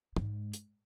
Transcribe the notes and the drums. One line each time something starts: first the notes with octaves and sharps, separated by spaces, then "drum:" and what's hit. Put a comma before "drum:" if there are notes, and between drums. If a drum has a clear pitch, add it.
G#2, drum: tom
drum: hi-hat